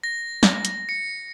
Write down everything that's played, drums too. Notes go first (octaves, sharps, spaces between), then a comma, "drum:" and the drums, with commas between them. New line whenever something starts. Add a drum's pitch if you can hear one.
A#6
drum: snare
drum: hi-hat
C#7